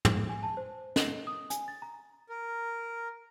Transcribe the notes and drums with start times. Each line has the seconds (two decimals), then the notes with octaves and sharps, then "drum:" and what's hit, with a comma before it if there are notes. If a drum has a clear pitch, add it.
0.05 G#4, drum: tom
0.29 G#5
0.43 A5
0.57 C5
0.96 D#5, drum: snare
1.27 D#6
1.50 G#5, drum: hi-hat
1.68 A6
1.82 A#5
2.29 A#4